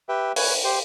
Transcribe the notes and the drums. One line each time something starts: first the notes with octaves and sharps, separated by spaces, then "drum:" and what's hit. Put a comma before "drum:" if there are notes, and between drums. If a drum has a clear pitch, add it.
G4 B4 E5 G5
B4 C#5 G#5, drum: open hi-hat
G4 C5 G5